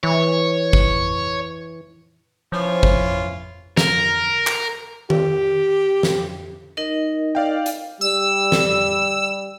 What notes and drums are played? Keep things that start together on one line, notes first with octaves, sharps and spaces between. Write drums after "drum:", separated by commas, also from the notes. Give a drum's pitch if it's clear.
E3 C#5
drum: kick
E3 F3 C#4 F4
drum: kick
A#4, drum: snare
drum: clap
G4, drum: tom D#3
drum: snare
D#4 A#4 D#5
D5 F5 G5
drum: hi-hat
G3 E6
drum: snare